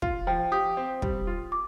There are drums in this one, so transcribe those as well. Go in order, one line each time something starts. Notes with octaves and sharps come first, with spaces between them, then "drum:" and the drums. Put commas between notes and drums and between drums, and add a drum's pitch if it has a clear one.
F4 F5, drum: kick
F3 G5
G4 D#6
C4
G3, drum: kick
F4
D6